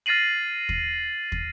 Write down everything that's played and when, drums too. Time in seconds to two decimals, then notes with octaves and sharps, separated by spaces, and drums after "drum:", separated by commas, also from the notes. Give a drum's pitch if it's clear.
0.06 F6 A6 A#6 C7 D#7 F#7
0.69 drum: kick
1.32 drum: kick